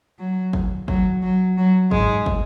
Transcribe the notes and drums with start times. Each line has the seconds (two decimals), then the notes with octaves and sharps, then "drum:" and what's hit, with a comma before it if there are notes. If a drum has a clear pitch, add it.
0.19 F#3
0.53 drum: kick
0.88 F#3, drum: kick
1.22 F#3
1.58 F#3
1.91 G#2 G#3, drum: kick
2.26 drum: kick